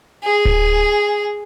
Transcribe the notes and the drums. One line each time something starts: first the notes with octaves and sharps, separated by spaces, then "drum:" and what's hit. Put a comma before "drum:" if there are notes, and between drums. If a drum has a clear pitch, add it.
G#4
drum: kick D1